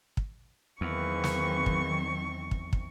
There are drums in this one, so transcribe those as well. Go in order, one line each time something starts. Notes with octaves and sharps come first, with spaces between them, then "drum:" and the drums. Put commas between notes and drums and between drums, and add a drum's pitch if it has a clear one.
drum: kick
E2 D#3 F#3 A#3 C4 G#4 B4 C#6
drum: snare
drum: kick
drum: kick
drum: kick